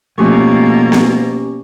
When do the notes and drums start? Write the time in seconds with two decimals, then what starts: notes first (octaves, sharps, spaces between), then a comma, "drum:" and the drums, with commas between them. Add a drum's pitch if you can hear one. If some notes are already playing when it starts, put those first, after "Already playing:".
0.18 B2 F3 A3 A#3 C#4 G4 C#6
0.92 drum: snare B3